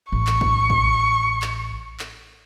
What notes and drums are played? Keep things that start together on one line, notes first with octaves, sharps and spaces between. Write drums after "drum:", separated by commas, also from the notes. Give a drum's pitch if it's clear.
A1 C#6
drum: clap
drum: kick
drum: kick
drum: clap
drum: clap